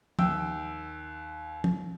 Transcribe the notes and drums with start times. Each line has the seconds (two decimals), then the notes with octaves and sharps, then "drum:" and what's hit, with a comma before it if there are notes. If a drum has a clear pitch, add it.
0.19 D#2 G5 E6, drum: tom
1.64 drum: tom